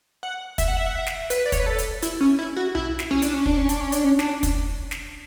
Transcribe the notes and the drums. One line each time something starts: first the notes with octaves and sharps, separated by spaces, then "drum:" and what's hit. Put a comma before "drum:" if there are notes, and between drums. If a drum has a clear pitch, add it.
F#5
E5, drum: kick, hi-hat
F#5
E5
F#5
E5
drum: snare
B4, drum: hi-hat
D5
C#5, drum: kick, hi-hat
B4
A4
drum: hi-hat
E4, drum: hi-hat
C#4
E4
F#4
E4, drum: tom B1
drum: snare
C#4
D4, drum: hi-hat
C#4
D4, drum: kick
C#4
D4, drum: hi-hat
C#4
D4, drum: hi-hat
C#4
D4, drum: snare
drum: kick, hi-hat
drum: snare